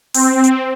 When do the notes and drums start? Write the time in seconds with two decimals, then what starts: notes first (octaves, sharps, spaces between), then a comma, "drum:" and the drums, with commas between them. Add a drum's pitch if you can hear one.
0.14 C4, drum: open hi-hat
0.44 drum: hi-hat